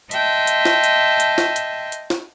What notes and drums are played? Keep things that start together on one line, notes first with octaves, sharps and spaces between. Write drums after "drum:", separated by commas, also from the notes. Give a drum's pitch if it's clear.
D#5 E5 G5 A5 C6, drum: hi-hat
drum: hi-hat
drum: snare E4
drum: hi-hat
drum: hi-hat
drum: snare E4
drum: hi-hat
drum: hi-hat
drum: snare E4